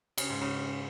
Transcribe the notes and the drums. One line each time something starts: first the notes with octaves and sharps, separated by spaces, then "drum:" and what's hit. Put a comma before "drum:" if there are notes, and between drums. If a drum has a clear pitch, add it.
C#3, drum: cymbal
G#2
C#3